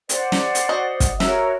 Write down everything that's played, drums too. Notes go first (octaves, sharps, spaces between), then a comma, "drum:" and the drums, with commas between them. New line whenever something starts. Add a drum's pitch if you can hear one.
C5 D5 F#5, drum: hi-hat
drum: snare
drum: hi-hat
F#4 D#5
drum: kick, hi-hat
F#4 A#4 C#5 E5, drum: snare